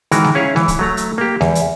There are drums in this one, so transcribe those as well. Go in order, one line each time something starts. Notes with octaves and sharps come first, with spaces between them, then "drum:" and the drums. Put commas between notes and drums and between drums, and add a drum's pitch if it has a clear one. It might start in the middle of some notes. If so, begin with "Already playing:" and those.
D#3 E3 G#3 F#4 A#4, drum: hi-hat
drum: snare G#3
C#4 E4 G#4 C#5 F5
E3, drum: snare G#3
drum: kick, hi-hat
F#3 A3 A#5
drum: hi-hat
A#3 G4
E2, drum: snare G#3
drum: hi-hat